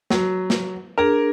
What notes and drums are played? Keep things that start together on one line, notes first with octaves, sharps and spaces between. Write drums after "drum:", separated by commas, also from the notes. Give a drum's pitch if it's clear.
F#3, drum: snare
drum: snare
D4 G#4 A#4